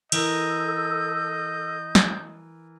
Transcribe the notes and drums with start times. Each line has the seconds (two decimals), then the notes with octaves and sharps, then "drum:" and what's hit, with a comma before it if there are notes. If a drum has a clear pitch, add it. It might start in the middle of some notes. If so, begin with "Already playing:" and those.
0.12 E3 A4 A#4 D#5 E6 G6, drum: cymbal
1.95 drum: snare